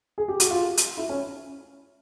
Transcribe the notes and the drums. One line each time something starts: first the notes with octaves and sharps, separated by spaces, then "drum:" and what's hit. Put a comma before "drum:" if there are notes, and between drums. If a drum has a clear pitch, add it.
G#4
G4
F#4, drum: hi-hat
F4
drum: hi-hat
E4
C#4